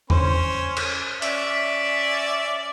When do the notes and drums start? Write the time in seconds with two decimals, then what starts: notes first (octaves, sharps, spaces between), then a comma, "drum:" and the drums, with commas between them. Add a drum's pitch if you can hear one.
0.10 C#4 C5, drum: tom E2
0.77 drum: cymbal
1.22 C#4 D5 E5, drum: hi-hat